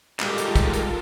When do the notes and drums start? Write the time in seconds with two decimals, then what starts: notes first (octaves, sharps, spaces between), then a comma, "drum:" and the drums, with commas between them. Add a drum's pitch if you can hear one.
0.20 G3 G#3 D#4 F4 G4 A4 A#4, drum: clap
0.38 drum: hi-hat
0.56 drum: kick, hi-hat
0.73 drum: hi-hat